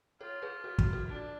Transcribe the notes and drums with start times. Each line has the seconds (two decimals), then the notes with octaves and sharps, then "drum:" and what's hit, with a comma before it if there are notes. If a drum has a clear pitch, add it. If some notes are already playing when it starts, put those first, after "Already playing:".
0.20 F4 A4 C#5
0.42 G#4 B4
0.64 F#4 A4
0.78 F#4, drum: kick
0.93 F#4 A4
1.08 D4